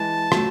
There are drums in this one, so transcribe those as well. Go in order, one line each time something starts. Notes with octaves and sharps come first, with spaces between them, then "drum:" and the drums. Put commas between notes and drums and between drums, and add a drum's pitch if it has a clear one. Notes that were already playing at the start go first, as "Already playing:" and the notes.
Already playing: E3 G#3 A5
F#3 A3, drum: rim click